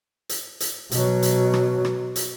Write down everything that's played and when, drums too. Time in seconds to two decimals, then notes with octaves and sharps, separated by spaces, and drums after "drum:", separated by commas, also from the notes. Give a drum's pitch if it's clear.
0.29 drum: hi-hat
0.60 drum: hi-hat
0.91 B2 F#3, drum: hi-hat
1.22 drum: hi-hat
1.54 drum: rim click
1.85 drum: rim click
2.16 drum: hi-hat